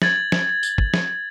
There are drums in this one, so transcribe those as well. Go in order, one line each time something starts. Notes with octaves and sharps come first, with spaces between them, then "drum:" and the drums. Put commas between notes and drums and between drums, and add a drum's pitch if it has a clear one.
G#6 A6 F#7, drum: snare
drum: snare
drum: tambourine
drum: kick
drum: snare